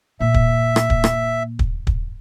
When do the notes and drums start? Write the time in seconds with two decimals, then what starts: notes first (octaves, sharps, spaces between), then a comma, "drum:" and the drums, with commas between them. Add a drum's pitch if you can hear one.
0.20 A#2 E5
0.34 drum: kick
0.76 drum: rim click
0.90 drum: kick
1.04 drum: rim click
1.59 drum: kick
1.87 drum: kick